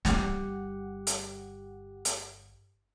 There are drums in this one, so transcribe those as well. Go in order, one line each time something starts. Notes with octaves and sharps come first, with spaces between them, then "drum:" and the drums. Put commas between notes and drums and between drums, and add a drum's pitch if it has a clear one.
G1 G3 G4 F#5, drum: snare
drum: hi-hat
drum: hi-hat